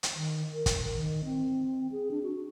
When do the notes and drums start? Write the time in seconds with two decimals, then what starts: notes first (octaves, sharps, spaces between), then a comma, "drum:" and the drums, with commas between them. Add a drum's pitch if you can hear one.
0.03 drum: hi-hat
0.14 D#3
0.54 A#4
0.66 drum: kick, hi-hat
0.95 D#3
1.25 C4
1.92 G#4
2.11 D4
2.23 F#4